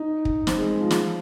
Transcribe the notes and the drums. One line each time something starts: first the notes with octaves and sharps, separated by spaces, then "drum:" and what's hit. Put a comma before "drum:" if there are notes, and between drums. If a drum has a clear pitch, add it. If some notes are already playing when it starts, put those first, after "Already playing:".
Already playing: D#4
drum: kick
C4, drum: snare
G#3
G#3
F3
drum: snare